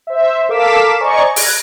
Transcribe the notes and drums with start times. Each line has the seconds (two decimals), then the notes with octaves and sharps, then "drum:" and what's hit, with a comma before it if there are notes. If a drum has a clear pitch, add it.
0.07 C5 E5
0.49 A4 A#4 F5 D6 B6 E7
1.00 C5 D5 D#5 G#5 A#5 C#6
1.36 F6 F#6 G#6 A#6, drum: open hi-hat